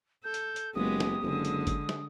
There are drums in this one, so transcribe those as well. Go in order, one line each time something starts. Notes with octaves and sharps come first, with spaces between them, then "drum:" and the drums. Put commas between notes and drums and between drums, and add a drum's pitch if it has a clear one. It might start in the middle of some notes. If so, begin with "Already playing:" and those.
A4 G6
drum: hi-hat
drum: hi-hat
F#1 G#3 B3 G4 D#6
drum: snare
F#1 D3 G#3
drum: hi-hat
drum: kick G1, hi-hat
drum: snare